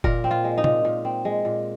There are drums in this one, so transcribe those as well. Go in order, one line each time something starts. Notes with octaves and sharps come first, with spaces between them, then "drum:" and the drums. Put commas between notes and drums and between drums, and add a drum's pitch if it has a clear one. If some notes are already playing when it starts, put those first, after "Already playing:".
A#2 A#4, drum: kick F1
C4
F4
G#3
D#4
A#2, drum: tom
A#2
C4
G#3
A#2